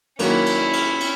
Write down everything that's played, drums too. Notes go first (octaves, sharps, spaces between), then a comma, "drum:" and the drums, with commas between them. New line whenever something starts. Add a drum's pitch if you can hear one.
D#3 F#3 A#3 C#4 E4, drum: cymbal
drum: cymbal
drum: cymbal
drum: cymbal